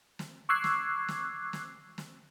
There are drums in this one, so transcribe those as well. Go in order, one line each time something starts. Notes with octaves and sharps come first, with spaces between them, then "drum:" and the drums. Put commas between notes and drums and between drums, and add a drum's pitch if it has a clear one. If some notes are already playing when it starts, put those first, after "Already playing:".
drum: snare
C#6 D6 E6 F#6 G#6 C7
drum: snare
drum: snare
drum: snare
drum: snare